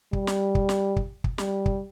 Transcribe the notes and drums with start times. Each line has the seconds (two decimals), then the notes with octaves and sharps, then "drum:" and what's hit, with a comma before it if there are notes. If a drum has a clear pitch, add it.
0.13 G3, drum: kick
0.27 drum: snare
0.55 drum: kick
0.69 drum: snare
0.96 drum: kick
1.24 drum: kick
1.38 G3, drum: snare
1.66 drum: kick